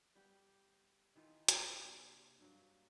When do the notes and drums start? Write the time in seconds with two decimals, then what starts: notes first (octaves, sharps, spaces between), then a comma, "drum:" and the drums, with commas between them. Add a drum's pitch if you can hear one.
0.15 G3 B3 G4
1.16 D#3 E3 D#4 F4
1.48 C3 A#3 D4 G#4, drum: hi-hat
2.40 G2 F#3 A#3